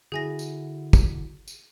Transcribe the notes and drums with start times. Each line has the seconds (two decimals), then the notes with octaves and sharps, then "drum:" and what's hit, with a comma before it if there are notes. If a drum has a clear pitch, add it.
0.12 D3 E4 F#4 G#4 G#5 A#6
0.39 drum: tambourine
0.93 drum: kick, tambourine
1.48 drum: tambourine